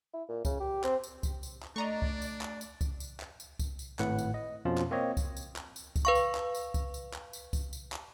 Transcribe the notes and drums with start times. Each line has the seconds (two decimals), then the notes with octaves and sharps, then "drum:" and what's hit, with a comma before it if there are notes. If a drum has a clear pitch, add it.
0.13 E4
0.29 A#2
0.45 C#3, drum: kick C2, tambourine
0.60 G4
0.84 C4, drum: clap
1.04 drum: tambourine
1.23 drum: kick C2, tambourine
1.43 drum: tambourine
1.63 drum: clap
1.76 A3 D4 D5 D#5 A#5 C#6
2.02 drum: kick C2
2.22 drum: tambourine
2.41 drum: clap
2.61 drum: tambourine
2.81 drum: kick C2, tambourine
3.00 drum: tambourine
3.20 drum: clap
3.40 drum: tambourine
3.59 drum: kick C2, tambourine
3.79 drum: tambourine
3.99 G#1 A2 B4 F#5, drum: clap
4.18 drum: tambourine
4.34 D#5
4.65 F2 B2 F3 C#4 F4
4.77 drum: clap
4.91 A#3 C4 C#5 D#5
5.17 drum: kick C2, tambourine
5.37 drum: tambourine
5.56 drum: clap
5.76 drum: tambourine
5.96 drum: kick C2, tambourine
6.05 B4 F5 C#6
6.15 drum: tambourine
6.35 drum: clap
6.55 drum: tambourine
6.74 drum: kick C2, tambourine
6.94 drum: tambourine
7.14 drum: clap
7.33 drum: tambourine
7.53 drum: kick C2, tambourine
7.73 drum: tambourine
7.92 drum: clap